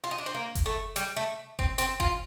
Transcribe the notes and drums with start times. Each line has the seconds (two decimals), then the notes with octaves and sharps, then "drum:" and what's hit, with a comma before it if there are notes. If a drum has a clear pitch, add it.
0.04 F4
0.11 D#4
0.18 D4
0.26 C4
0.35 A#3
0.55 drum: kick F#1, hi-hat
0.66 A3
0.96 G3, drum: hi-hat
1.16 A3
1.59 C4, drum: kick F#1
1.78 C4, drum: hi-hat
2.00 F4, drum: kick F#1